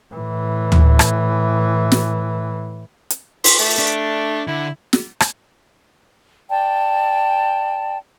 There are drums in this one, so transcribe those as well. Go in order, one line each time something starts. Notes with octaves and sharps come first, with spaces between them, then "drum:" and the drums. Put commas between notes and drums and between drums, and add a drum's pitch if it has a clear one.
A2 E3
drum: tom D2
drum: rim click
drum: snare
drum: hi-hat
C6, drum: open hi-hat
A3
D4
D3 E4
drum: snare
drum: rim click
D5 G5 A5